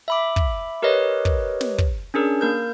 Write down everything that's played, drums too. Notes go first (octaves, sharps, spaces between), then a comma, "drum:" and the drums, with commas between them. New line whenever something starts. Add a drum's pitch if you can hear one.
E5 B5 D6
drum: kick
G4 A#4 B4 C#5 D#5
drum: kick
drum: snare
drum: kick
C#4 D4 G#4 A#4
A#3 A#4 G6